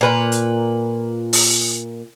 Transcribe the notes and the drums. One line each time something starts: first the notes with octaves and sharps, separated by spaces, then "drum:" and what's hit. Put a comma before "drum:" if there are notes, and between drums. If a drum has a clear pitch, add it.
A#2 B4 A#5
drum: hi-hat
drum: open hi-hat